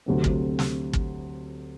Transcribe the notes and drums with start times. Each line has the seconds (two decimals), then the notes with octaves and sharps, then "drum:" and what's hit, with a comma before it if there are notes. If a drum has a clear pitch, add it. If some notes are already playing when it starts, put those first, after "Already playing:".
0.06 D2 C3 F#3 C4
0.24 drum: kick
0.59 drum: snare
0.93 drum: kick